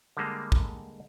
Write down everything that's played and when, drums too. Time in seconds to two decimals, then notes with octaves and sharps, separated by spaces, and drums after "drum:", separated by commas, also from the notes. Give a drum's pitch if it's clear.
0.17 D3 G3 G#3 A#3
0.52 drum: kick